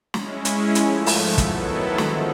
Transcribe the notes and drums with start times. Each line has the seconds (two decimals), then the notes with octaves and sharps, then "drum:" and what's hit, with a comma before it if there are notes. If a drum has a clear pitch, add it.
0.14 G#3 C#4 E4, drum: snare
0.45 drum: hi-hat
0.75 G#2 F3 A3, drum: hi-hat
1.06 drum: open hi-hat
1.38 D#3 F#3 B3 E4 A4, drum: kick, hi-hat
1.98 D3 F3 G#3, drum: snare